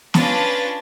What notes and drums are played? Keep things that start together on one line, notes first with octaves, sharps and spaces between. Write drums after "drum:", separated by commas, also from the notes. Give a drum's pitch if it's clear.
C#4 D4 F4 B4 A6 A#6, drum: snare